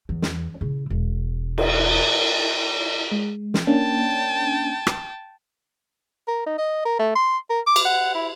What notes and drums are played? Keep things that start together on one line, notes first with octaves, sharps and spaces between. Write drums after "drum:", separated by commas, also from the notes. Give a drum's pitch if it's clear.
E2
drum: snare
C#3 E4
E1
drum: cymbal
G#3
drum: snare
A#3 C#4 D4 G5 A5
drum: rim click
A#4
D#4
D#5
A#4
A3
C6
A#4
D6
drum: cymbal
F#5
E4